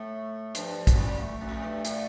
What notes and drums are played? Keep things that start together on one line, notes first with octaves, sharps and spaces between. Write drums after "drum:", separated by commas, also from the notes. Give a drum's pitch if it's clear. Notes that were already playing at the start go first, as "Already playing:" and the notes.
Already playing: A2 A3
G2 F3, drum: hi-hat
F3
F2, drum: kick, hi-hat
G3
A3
F2
G2
A#2, drum: hi-hat